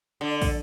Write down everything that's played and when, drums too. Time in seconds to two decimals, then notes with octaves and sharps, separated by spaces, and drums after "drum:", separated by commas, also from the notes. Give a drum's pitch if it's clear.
0.21 D3
0.42 drum: kick, open hi-hat